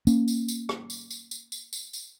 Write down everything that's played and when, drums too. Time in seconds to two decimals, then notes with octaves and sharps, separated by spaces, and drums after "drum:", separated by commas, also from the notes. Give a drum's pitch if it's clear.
0.07 A#3 C#4, drum: tambourine
0.28 drum: tambourine
0.48 drum: tambourine
0.69 drum: rim click
0.90 drum: tambourine
1.11 drum: tambourine
1.31 drum: tambourine
1.52 drum: tambourine
1.73 drum: tambourine
1.93 drum: tambourine